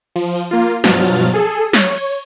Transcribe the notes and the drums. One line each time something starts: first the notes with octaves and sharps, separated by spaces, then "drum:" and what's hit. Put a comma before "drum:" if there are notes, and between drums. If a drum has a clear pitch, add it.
F3
drum: cymbal
A#3 F4
G2 B2 F3 F#3 F6 A6, drum: snare
drum: cymbal
G#4 A4
drum: cymbal
C#5, drum: snare
drum: cymbal